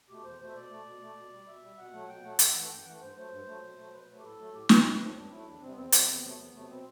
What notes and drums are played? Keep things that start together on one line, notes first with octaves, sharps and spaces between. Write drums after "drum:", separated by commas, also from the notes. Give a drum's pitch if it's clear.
B2 A3 G4
E2 C5
B2 A3 C5
E5
B2 D5
A3
B2
A3
B2
G3
B2 E5
G3
B2 F#5
F#3 A3
B2 G5
F#3 A3 F#5
F#2 E5, drum: hi-hat
E3 A3 F#5
F#2 G5
E3 A3 F#5
G2 C5
F#3 A3 C5
G2
F#3 A3
B2
F#3 A3
B2 B4
F#3
A3
G4
A2 A4
F#3 A3
A2 G4
F#3 A3 G4, drum: snare
G2 B3
F#3 A3 C4
G2 D4
F#3 A3 E4
E2 D4
C3 G3 C4
B3
E2 C4
C3 G3, drum: hi-hat
E2 B3
C3 F#3 A3
E2
C3 F#3 A3
B2 C4